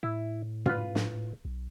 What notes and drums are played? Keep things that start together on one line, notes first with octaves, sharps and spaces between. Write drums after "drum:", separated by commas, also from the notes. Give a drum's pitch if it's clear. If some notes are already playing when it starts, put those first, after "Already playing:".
A2 E4
F4 B4, drum: tom
drum: snare
B1